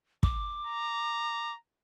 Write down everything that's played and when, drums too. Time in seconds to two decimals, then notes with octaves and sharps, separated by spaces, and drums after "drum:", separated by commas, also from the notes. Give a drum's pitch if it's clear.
0.23 D6, drum: kick
0.66 A#5